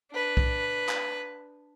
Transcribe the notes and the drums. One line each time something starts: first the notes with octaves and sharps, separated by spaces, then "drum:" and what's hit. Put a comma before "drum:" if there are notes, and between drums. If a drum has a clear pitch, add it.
D4 B4
drum: kick B1
drum: clap